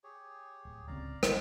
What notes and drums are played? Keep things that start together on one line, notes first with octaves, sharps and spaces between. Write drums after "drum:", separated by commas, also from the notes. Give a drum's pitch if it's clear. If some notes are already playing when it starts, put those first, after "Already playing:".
G4 G#4 C#5
D1
D1 C#2 C4 D5 F5 A#5
G#1, drum: rim click